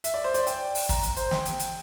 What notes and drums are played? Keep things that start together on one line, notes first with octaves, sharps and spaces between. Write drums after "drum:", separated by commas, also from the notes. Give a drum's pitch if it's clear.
E5, drum: hi-hat
D5
C5
D5, drum: hi-hat
G5, drum: hi-hat
drum: open hi-hat
A#5, drum: kick, hi-hat
drum: hi-hat
C5, drum: hi-hat
G5, drum: snare
drum: hi-hat
drum: hi-hat